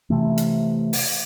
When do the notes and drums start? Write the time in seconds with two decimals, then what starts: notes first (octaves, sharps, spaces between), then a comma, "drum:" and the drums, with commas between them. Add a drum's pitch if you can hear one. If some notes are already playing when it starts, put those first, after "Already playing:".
0.10 C3 E3 A3
0.38 drum: hi-hat
0.93 drum: open hi-hat